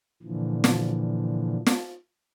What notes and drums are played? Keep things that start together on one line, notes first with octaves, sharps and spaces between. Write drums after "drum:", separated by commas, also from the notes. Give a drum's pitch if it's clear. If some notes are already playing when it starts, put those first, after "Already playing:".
A#2 D3 E3 F3
drum: snare
drum: snare